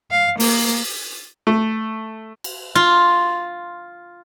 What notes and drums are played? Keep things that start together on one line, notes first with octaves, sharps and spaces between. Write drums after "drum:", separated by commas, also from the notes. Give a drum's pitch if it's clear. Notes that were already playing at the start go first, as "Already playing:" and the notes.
F5
A#3, drum: open hi-hat
A3
drum: cymbal
F4